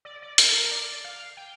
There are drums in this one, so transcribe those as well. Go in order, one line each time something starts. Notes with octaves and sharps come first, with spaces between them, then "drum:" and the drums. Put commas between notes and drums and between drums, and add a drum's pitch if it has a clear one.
D5
D5
A#4, drum: hi-hat
A4
A#4
D5
F5
G5